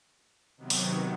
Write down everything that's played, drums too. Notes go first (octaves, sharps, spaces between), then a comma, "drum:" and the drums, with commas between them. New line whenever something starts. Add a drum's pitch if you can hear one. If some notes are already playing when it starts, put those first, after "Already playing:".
C3 D#3 F#3 B3
drum: open hi-hat